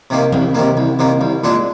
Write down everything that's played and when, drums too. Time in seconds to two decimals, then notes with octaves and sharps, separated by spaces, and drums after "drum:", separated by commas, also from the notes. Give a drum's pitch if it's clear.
0.10 C3 D#3 A#3
0.33 C2, drum: tom E3
0.55 C3 D#3 A#3
0.77 C2
0.99 C3 D#3 A#3
1.21 C2
1.44 A#2 G#3 D4